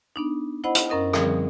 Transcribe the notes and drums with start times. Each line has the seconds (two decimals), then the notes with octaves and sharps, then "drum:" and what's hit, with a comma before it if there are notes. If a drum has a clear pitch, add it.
0.16 B3 D4 D#4
0.64 E4 C5 D#5 F#5 B5
0.75 drum: hi-hat
0.90 F#2 C#4 A#4 D#5 D#6
1.13 D3 F3 G3 C4 G#4 A#4, drum: rim click